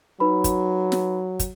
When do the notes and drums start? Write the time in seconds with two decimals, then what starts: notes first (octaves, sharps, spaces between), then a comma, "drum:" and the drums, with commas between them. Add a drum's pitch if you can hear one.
0.20 F#3 D#4 B4 B5
0.44 drum: kick, hi-hat
0.92 drum: snare
1.39 drum: kick, hi-hat